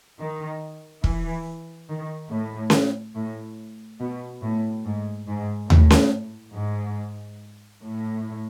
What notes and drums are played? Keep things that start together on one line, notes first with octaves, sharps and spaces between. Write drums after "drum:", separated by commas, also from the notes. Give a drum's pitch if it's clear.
D#3
E3, drum: kick
D#3
A2
drum: snare C#4
A2
B2
A2
G#2
G#2
A2, drum: tom D#2
drum: snare C#4
G#2
A2